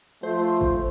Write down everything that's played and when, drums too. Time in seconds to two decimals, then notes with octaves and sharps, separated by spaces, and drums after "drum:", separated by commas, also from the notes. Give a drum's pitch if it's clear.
0.23 F3 A3 C5
0.61 drum: kick